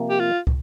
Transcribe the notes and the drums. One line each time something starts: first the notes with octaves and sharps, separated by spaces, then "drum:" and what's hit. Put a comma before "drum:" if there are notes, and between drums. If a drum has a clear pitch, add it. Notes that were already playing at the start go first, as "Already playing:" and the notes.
Already playing: C3 F3 A#3
G4
F4
drum: kick